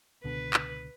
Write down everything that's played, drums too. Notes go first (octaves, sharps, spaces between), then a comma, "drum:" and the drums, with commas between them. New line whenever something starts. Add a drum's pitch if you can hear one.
C#2 B2 D3 B4
drum: clap